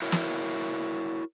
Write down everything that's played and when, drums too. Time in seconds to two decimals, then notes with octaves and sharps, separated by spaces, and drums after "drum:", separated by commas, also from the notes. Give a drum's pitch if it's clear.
0.02 E4 F#4 A#4 C#5
0.12 drum: snare